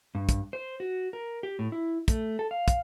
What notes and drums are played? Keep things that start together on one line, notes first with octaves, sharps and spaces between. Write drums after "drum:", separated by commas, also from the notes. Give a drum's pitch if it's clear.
G2
drum: kick, hi-hat
C5
F#4
A#4
G4
A2
E4
A3, drum: kick, hi-hat
A4
F5
drum: kick, hi-hat